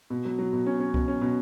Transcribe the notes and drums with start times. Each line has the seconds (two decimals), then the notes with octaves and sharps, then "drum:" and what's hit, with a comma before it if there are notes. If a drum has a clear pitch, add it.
0.10 B2
0.25 F#3
0.39 F#3
0.53 B2
0.66 C#4
0.80 C#4
0.94 B2, drum: kick C2
1.08 C#4
1.21 B2